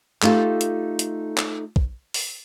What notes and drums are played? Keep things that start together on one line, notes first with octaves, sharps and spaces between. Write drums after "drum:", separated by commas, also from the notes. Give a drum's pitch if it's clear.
A3 D#4 F4 G4 A4, drum: clap
drum: hi-hat
drum: hi-hat
drum: clap
drum: kick
drum: open hi-hat